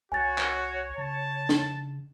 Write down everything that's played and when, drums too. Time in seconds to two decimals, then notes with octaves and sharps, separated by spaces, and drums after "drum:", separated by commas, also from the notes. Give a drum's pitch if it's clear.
0.12 C2 F#4 C#5 G#5 A6
0.38 drum: clap
0.98 C#3 A5
1.49 drum: snare